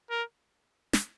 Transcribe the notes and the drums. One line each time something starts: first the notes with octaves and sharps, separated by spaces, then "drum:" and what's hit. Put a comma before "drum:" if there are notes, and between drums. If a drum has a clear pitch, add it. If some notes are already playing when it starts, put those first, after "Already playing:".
A#4
drum: snare